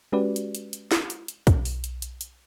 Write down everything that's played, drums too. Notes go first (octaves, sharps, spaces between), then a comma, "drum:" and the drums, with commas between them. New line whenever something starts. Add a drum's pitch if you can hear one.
G#3 C#4 F#4 G4 B4 D5
drum: hi-hat
drum: hi-hat
drum: hi-hat
drum: snare
drum: hi-hat
drum: hi-hat
B1, drum: kick, hi-hat
drum: open hi-hat
drum: hi-hat
drum: hi-hat
drum: hi-hat